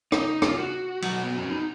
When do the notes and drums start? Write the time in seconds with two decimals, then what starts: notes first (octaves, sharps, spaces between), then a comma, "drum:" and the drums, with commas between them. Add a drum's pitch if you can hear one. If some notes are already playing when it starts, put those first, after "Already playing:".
0.12 D#4, drum: rim click
0.42 F4, drum: rim click
0.58 F#4
1.02 B2 F#3 F#4, drum: cymbal
1.24 B3
1.37 C#4
1.50 D#4